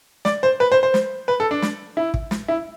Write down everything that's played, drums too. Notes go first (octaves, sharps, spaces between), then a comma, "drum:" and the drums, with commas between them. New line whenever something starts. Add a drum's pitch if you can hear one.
D5, drum: snare
C5
B4
C5
C5
drum: snare
B4
A4
D4
drum: snare
E4
drum: kick
drum: snare
E4